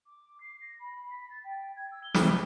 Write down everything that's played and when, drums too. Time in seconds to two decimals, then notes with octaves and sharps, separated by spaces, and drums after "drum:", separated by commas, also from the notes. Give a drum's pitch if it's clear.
0.06 D6
0.41 C7
0.62 A#6
0.80 B5
1.11 B6
1.30 A6
1.44 G5
1.76 G#6
1.92 E6
2.04 G7
2.14 drum: snare